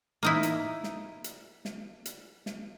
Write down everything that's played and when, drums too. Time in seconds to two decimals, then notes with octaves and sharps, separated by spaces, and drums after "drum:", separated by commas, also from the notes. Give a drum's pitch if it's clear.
0.23 A#3 D#4 E4
0.43 drum: hi-hat
0.84 drum: snare
1.24 drum: hi-hat
1.65 drum: snare
2.05 drum: hi-hat
2.46 drum: snare